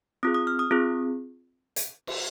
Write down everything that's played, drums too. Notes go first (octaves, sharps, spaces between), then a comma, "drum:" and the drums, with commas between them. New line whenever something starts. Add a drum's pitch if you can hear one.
C4 F4 G#4 D#6
D#6
F6
D#6
C4 F4 G#4
drum: hi-hat
drum: cymbal